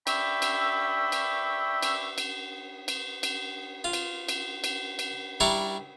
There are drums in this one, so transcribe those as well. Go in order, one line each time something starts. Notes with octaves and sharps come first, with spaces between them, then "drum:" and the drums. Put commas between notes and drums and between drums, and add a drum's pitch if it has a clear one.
D5 E5 G5 B5 C#6 E6, drum: cymbal
drum: cymbal
drum: cymbal
drum: cymbal
drum: cymbal
drum: cymbal
drum: cymbal
F4
drum: cymbal
drum: cymbal
drum: cymbal
drum: cymbal
G3 D4 E4 D5 A#5 C#6